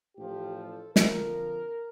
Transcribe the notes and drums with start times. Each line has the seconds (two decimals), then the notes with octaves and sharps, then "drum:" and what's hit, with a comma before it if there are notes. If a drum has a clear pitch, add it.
0.16 A1 A2 F3 G4
0.56 A4
0.96 F2 D3 F3 A#4, drum: snare